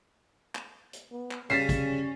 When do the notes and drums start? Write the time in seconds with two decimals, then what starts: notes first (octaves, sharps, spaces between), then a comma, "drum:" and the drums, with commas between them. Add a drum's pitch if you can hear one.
0.55 drum: clap
0.93 drum: hi-hat
1.11 B3
1.31 drum: clap
1.50 C#3 G3 C#4 A6 B6 C7
1.69 drum: kick, hi-hat